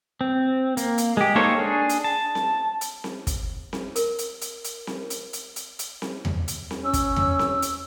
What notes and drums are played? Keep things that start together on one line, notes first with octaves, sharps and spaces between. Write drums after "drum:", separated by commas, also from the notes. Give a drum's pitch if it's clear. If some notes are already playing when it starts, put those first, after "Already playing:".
C4
A#3, drum: hi-hat
drum: hi-hat
G#3 G4
A#3 D#4 A4 C5 C#5
D4 G#4
drum: hi-hat
A5
drum: snare C4
drum: hi-hat
drum: snare C4
drum: kick, hi-hat
drum: snare C4
A#4, drum: hi-hat
drum: hi-hat
drum: hi-hat
drum: hi-hat
drum: snare C4
drum: hi-hat
drum: hi-hat
drum: hi-hat
drum: hi-hat
drum: snare C4
drum: tom E2
drum: hi-hat
drum: snare C4
C#4 E6
drum: kick, hi-hat
drum: tom E2
drum: snare C4
drum: hi-hat